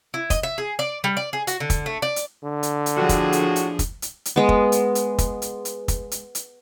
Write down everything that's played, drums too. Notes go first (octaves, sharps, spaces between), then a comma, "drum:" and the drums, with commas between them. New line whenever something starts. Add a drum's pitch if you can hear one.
E4
D#5, drum: kick, hi-hat
E5
G#4
D5
G3
D5
G#4
F#4, drum: hi-hat
D3
drum: kick, hi-hat
A3
D5
drum: hi-hat
D3
drum: hi-hat
drum: hi-hat
A2 F3 D4 F#4 G#4
drum: kick, hi-hat
drum: hi-hat
drum: hi-hat
drum: kick, hi-hat
drum: hi-hat
drum: hi-hat
G#3 B3
drum: kick
drum: hi-hat
drum: hi-hat
drum: kick, hi-hat
drum: hi-hat
drum: hi-hat
drum: kick, hi-hat
drum: hi-hat
drum: hi-hat